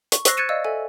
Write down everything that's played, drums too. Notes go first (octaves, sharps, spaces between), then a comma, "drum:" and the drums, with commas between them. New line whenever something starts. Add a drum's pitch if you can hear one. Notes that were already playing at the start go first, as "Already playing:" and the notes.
C#6, drum: hi-hat
C5 C#6 E6 F#6 A#6 C7, drum: hi-hat
F#6 G#6 A6 C#7 D#7 E7
D5 D#5 F5 E6
A4 E5 G#5